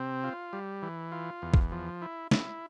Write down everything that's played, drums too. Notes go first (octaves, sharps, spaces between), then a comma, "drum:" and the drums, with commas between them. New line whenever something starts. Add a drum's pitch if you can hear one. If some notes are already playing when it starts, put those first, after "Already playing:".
Already playing: C3 C4
F4
G3
E3
F4
E2
drum: kick
F3
E4
E4, drum: snare